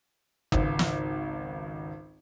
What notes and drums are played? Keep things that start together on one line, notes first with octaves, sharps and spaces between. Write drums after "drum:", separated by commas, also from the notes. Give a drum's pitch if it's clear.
G#1 C#2, drum: kick
drum: snare